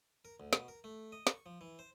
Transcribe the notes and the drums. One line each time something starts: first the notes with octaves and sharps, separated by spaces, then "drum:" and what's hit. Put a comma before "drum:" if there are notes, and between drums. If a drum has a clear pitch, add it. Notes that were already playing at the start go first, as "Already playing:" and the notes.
A#4
D2
B2, drum: snare
A#4
A3
D#5
C#6, drum: snare
F3
E3
C5